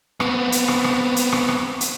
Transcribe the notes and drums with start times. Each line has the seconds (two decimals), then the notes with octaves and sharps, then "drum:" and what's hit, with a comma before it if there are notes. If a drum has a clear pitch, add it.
0.20 B3 C4, drum: rim click
0.52 drum: hi-hat
0.68 drum: rim click
0.84 drum: rim click
1.16 drum: hi-hat
1.32 drum: rim click
1.48 drum: rim click
1.81 drum: hi-hat